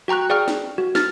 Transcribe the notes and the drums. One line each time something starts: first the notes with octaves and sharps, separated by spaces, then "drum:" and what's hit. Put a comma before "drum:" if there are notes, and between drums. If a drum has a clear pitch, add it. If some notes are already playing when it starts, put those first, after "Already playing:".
F#4 G5 A#5 C#6 F#6
G#4 D5 F5 G5 C#6 F6
drum: snare
F#4
F6 A6, drum: snare